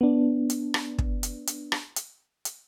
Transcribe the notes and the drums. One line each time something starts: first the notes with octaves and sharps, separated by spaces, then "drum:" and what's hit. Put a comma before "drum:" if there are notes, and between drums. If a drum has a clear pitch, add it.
B3 D4
drum: hi-hat
drum: rim click
drum: kick
drum: hi-hat
drum: hi-hat
drum: rim click
drum: hi-hat
drum: hi-hat